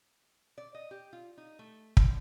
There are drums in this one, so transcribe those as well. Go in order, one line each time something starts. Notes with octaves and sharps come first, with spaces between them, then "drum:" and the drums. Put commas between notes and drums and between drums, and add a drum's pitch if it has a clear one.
D5
D#5
G4
F4
D#4
A3
D3, drum: kick